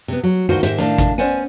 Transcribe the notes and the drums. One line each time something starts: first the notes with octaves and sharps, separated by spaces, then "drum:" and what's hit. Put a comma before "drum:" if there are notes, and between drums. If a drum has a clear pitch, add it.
C3 B3
F#3
D2 G2 D#3 F4 F#4 C5
G#2 D#3 G4 C5 E5, drum: hi-hat
A2 D#3 A3 D4 F5
drum: kick G#1, hi-hat
B3 C#4 C5 D5 F#5 G#5